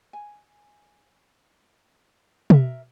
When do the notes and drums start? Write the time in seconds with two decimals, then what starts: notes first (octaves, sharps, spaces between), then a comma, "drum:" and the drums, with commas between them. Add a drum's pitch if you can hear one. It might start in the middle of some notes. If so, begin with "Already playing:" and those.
0.13 G#5
2.50 A#4 E5, drum: tom